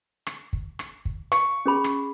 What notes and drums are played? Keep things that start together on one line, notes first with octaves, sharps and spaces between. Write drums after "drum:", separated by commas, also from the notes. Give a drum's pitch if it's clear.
drum: rim click
drum: kick
drum: rim click
drum: kick
F5 C#6, drum: rim click
C#4 G#4 B5
drum: rim click